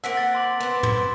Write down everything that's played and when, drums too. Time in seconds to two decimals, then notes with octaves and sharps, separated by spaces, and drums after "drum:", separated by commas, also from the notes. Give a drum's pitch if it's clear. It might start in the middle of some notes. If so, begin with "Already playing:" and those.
0.04 A#3 C4 F#5 E6 B6 D7
0.17 A6
0.35 C6 D6 F#7
0.60 B3 C4
0.83 C6, drum: tom